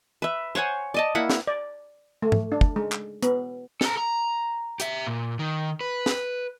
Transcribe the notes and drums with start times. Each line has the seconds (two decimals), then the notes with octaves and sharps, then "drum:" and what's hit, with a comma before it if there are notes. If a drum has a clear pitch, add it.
0.22 B4 E5
0.55 C5 C#5 F#5 G#5
0.94 D5 D#5 A5
1.15 A#3 E4 F#5 B5
1.30 drum: snare
1.47 D5
2.22 A3
2.32 drum: tom G#2
2.52 D4
2.61 drum: kick
2.76 G#3
2.92 drum: clap
3.23 B3, drum: hi-hat
3.81 A4 A#5, drum: snare
3.97 A#5
4.80 G4 E5, drum: hi-hat
5.06 A#2
5.39 D#3
5.81 B4
6.06 drum: snare